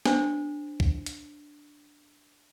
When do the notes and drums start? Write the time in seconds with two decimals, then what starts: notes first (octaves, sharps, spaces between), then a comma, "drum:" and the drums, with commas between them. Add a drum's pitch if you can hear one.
0.06 D4 C5, drum: snare
0.80 drum: kick C2
1.06 drum: hi-hat